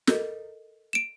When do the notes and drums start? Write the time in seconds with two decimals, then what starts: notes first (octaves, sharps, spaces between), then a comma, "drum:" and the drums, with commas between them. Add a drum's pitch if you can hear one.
0.07 A4 A#4 D#5, drum: snare
0.93 D7 E7